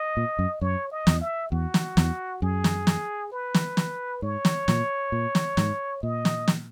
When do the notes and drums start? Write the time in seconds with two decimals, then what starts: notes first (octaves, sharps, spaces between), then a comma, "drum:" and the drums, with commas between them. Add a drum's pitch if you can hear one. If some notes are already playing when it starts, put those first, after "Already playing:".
Already playing: D#5
0.17 A#2
0.39 F#2
0.61 F#2 C#5
0.91 D#5
1.07 E2, drum: snare
1.21 E5
1.51 E2 F#4
1.74 drum: snare
1.97 E2, drum: snare
2.42 F#2 G#4
2.64 drum: snare
2.87 drum: snare
3.32 B4
3.54 drum: snare
3.77 drum: snare
4.22 G#2 C#5
4.45 drum: snare
4.68 A#2, drum: snare
5.12 A#2
5.35 drum: snare
5.57 G#2, drum: snare
6.03 A#2 D#5
6.25 drum: snare
6.48 drum: snare